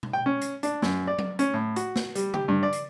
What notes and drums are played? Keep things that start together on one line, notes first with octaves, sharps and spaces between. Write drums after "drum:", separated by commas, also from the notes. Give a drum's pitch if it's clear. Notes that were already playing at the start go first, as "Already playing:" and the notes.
drum: tom B2
G5
C#4
drum: hi-hat
D4, drum: hi-hat
F#2, drum: snare
D5
drum: tom F#3
C#4, drum: hi-hat
A2
F#4, drum: hi-hat
drum: snare
G3, drum: hi-hat
G4, drum: tom C#3
G2
D5
drum: hi-hat